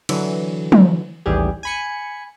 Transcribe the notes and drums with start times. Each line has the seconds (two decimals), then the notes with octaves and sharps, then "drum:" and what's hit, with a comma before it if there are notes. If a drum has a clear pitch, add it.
0.09 D3 E3 F#3, drum: cymbal
0.72 drum: tom
1.26 A1 D#2 E3 G3 G4 G#4
1.63 G#5 B5 C#7